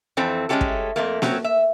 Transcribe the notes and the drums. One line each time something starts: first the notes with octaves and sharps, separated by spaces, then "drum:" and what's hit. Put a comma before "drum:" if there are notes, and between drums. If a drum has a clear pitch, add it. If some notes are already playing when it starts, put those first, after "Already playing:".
F2 E3 C4 A4
G#3 A3 C#4 F4 G4 A4
drum: kick
F2 A3 A#3
F#3 C4 C#4, drum: snare A#3
E5